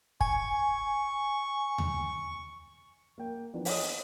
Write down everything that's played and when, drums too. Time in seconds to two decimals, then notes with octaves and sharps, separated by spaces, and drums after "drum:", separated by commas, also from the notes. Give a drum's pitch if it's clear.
0.21 G#5 C#6, drum: kick
1.78 drum: tom D#2
3.18 A#3 G5
3.53 E3 F3 B3 D4
3.65 C5 C#5 D#5 D#6, drum: open hi-hat